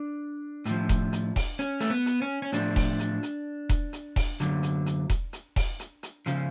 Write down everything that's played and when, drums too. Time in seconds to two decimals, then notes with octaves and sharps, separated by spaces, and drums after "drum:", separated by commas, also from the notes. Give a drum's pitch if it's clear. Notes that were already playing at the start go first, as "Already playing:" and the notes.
Already playing: D4
0.66 A2 F3, drum: hi-hat
0.89 drum: kick E1, hi-hat
1.13 drum: hi-hat
1.36 drum: kick E1, open hi-hat
1.59 C#4, drum: hi-hat
1.80 A3, drum: hi-hat
1.90 B3
2.06 drum: hi-hat
2.22 C#4
2.42 C#4
2.53 A2 F3 D4, drum: hi-hat
2.76 drum: kick E1, open hi-hat
2.99 drum: hi-hat
3.23 drum: hi-hat
3.69 drum: kick E1, hi-hat
3.93 drum: hi-hat
4.16 drum: kick E1, open hi-hat
4.40 F#2 D3 F#3, drum: hi-hat
4.63 drum: hi-hat
4.86 drum: hi-hat
5.10 drum: kick E1, hi-hat
5.33 drum: hi-hat
5.56 drum: kick E1, open hi-hat
5.80 drum: hi-hat
6.03 drum: hi-hat
6.26 C#3 F3, drum: hi-hat